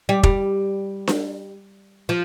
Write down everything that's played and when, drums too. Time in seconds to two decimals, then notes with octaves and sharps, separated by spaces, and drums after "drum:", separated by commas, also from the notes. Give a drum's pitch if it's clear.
0.09 G3
0.23 G3, drum: kick F1
1.07 drum: snare D4
2.09 F3